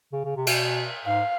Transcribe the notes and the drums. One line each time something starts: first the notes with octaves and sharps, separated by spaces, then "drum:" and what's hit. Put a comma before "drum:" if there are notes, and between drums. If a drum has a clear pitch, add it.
C#3
C#3
C3
B2, drum: cymbal
G#2 F5